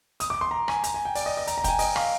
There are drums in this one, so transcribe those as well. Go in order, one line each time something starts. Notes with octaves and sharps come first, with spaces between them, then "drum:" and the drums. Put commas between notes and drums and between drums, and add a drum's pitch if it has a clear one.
D#6, drum: hi-hat
D6
C6
A#5
G#5, drum: rim click
A#5, drum: hi-hat
G#5
G5
D5, drum: open hi-hat
D#5
D#5
A#5, drum: hi-hat
A#5
G5, drum: kick, hi-hat
G#5
D#5, drum: open hi-hat
F5, drum: rim click